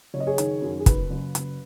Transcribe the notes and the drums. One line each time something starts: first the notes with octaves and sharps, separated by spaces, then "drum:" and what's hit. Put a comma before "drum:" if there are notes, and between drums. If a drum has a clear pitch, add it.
F#1 C#5
D#5
G#4 C#5
D#3, drum: hi-hat
F#2
G#4
F#1 B4, drum: kick, hi-hat
F#1
F#1, drum: hi-hat